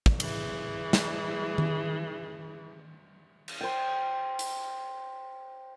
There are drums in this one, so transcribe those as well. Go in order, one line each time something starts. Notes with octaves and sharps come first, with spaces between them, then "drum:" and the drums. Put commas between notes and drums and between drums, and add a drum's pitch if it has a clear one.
drum: kick
E3 G#4, drum: cymbal
drum: snare
drum: tom D#3
drum: cymbal
C5 G5
drum: hi-hat